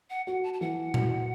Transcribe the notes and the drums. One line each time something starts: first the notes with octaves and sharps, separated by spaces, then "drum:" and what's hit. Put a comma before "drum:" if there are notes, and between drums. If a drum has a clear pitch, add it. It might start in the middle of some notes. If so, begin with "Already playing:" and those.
F#5
F#4 F#5
A5
A5
E3 F#5
F#4, drum: tom A#2